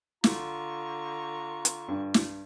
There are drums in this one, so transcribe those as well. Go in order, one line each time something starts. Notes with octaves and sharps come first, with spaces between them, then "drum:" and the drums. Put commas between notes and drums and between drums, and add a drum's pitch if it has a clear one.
D3 F4 A#5 C#6, drum: snare
drum: hi-hat
G2
drum: snare